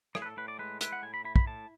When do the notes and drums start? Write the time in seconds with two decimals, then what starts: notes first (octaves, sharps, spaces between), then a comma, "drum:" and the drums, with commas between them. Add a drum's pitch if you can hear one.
0.15 A2 G#4, drum: rim click
0.22 B4
0.26 A4
0.37 A2 B4
0.48 D5
0.59 G#3 B4
0.81 E4 B4, drum: hi-hat
0.92 F#5
1.03 A2 G#5
1.14 B5
1.25 E4 B5
1.36 B5, drum: kick
1.47 A2 A5